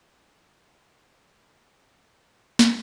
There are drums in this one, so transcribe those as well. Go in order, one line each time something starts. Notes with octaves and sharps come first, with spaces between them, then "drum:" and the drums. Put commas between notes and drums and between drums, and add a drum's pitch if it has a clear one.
G5 G#5
drum: snare